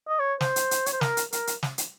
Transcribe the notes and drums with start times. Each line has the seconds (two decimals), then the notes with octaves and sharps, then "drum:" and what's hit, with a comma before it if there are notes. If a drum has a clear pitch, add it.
0.09 D#5
0.20 C#5
0.41 C5, drum: snare
0.56 drum: hi-hat
0.71 drum: hi-hat
0.86 C#5, drum: hi-hat
0.93 C5
1.01 A#4, drum: snare
1.17 drum: hi-hat
1.32 A#4, drum: hi-hat
1.47 drum: hi-hat
1.63 drum: snare
1.78 drum: hi-hat